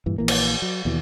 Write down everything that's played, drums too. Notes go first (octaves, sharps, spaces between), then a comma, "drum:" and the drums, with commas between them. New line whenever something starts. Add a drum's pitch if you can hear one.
G2 A#2 E3
A#1 E3 A#3
drum: cymbal
F#3
D#2 B2 E3